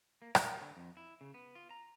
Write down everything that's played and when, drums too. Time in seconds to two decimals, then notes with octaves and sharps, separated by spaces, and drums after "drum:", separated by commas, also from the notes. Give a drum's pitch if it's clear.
0.22 A#3
0.35 A#4, drum: rim click
0.61 D3
0.77 F2
0.97 E4
1.21 C#3
1.34 B3
1.55 F4
1.71 A#5